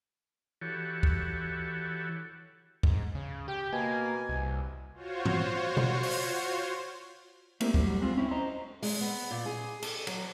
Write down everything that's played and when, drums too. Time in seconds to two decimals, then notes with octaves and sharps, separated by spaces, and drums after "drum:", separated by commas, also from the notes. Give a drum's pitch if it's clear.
0.61 E3 F#4 G4 A4 C#5
1.03 drum: kick D2
2.83 G#2, drum: kick D2
3.15 C#3
3.48 G4 G5
3.73 B2 A#3 G#5
4.29 C2
4.94 F4 F#4 C5 C#5
5.25 drum: tom G#2
5.77 drum: tom B2
6.03 drum: open hi-hat
7.60 A3 A#3 C4 E4 G4 A#4, drum: cymbal
7.74 A2 F#3 G3, drum: kick D2
8.01 G#3 C4 F4
8.17 C4 C#4 E4
8.31 C5 D#5 A#5
8.82 G#3, drum: open hi-hat
9.01 B3
9.31 A#2
9.46 G#4
9.82 A4, drum: cymbal
10.07 F#3, drum: cymbal